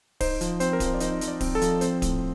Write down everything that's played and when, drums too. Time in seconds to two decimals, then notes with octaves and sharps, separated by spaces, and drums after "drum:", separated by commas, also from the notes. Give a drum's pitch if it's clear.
0.21 D#4 C5, drum: kick D1, open hi-hat
0.41 F3, drum: hi-hat
0.60 C4 C5, drum: hi-hat
0.73 A#4
0.80 F3, drum: kick D1, hi-hat
0.86 C5
0.94 D5
1.00 D#4 C5, drum: hi-hat
1.21 F3, drum: hi-hat
1.28 D5
1.41 C4, drum: kick D1, open hi-hat
1.55 A4
1.62 F3, drum: hi-hat
1.81 C4 C5, drum: hi-hat
2.02 A2, drum: kick D1, hi-hat